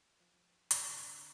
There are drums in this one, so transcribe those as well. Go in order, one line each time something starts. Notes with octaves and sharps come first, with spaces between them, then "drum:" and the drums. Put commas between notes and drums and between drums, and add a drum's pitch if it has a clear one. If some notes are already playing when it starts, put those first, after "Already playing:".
F3
D3 G3 C4, drum: hi-hat